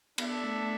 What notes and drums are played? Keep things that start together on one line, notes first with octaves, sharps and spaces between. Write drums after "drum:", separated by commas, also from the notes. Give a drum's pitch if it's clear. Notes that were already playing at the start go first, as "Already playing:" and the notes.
B3 D4 A4 E5, drum: cymbal
A3
A3